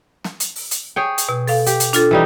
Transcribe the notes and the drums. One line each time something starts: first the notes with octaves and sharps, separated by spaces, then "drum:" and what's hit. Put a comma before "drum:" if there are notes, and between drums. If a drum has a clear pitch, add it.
drum: snare
drum: hi-hat
drum: open hi-hat
drum: hi-hat
G#4 C#5 G5
drum: hi-hat
B2
A4 F5, drum: open hi-hat
G4, drum: hi-hat
drum: hi-hat
D4 F4 A4, drum: hi-hat
E3 G3 D#4